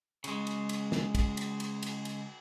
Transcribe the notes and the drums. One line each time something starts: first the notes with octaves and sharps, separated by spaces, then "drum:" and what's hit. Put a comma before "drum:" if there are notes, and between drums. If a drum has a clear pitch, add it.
C#3 G#3, drum: cymbal
drum: cymbal
drum: cymbal
drum: snare
drum: kick, cymbal
drum: cymbal
drum: cymbal
drum: cymbal
drum: cymbal